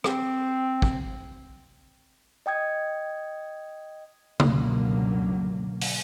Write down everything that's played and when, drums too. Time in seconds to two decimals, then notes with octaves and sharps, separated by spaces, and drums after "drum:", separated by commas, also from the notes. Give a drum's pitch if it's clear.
0.04 C4, drum: rim click
0.82 drum: kick
2.46 D#5 G5 D#6 G#6
4.40 G1 C#2 B2 D3 F#3 A#3, drum: tom C#3
5.81 drum: open hi-hat